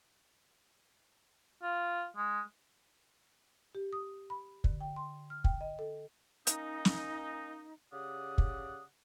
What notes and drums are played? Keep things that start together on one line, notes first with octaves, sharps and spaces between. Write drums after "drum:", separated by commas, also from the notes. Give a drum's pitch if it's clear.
F4
G#3
G4
D#6
B5
D3, drum: kick
G5
C6
F6
G5, drum: kick
D#5
A4
A#3 C#4 D#4, drum: hi-hat
drum: snare
C#3 G4 D5 F#5 D#6
drum: kick